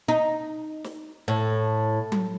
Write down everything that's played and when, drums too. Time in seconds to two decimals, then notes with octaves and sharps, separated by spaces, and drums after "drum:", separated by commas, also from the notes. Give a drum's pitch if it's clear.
0.08 D#4
0.84 drum: snare
1.28 A2
2.12 drum: tom F#3